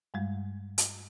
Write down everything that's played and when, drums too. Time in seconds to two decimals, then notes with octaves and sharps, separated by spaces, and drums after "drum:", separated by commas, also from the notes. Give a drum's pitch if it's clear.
0.14 G2 G3 G#3
0.78 drum: hi-hat